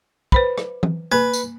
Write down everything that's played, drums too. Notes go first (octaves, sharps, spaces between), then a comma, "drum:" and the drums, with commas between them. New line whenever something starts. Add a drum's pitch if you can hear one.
B4 C5 B5, drum: kick
drum: rim click
drum: tom
A#3 B4
drum: tambourine